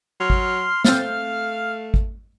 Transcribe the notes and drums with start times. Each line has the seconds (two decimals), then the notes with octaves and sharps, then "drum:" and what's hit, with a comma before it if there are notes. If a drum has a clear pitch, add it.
0.20 F#3 C6 F6
0.30 drum: kick G#1
0.85 A3 C4 F5 G6 A6, drum: snare
1.94 drum: kick G#1